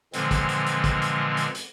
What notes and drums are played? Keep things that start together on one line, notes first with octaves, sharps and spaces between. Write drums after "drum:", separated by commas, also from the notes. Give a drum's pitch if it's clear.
A#2 D3 E3 F3 G#3 C4, drum: hi-hat
drum: kick, hi-hat
drum: hi-hat
drum: hi-hat
drum: kick, hi-hat
drum: hi-hat
drum: hi-hat
drum: hi-hat